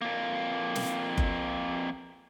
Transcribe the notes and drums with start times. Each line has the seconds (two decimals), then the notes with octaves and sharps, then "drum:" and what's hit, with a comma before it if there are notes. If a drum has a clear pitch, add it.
0.01 F2 A#3
0.75 drum: snare
1.18 drum: kick F#1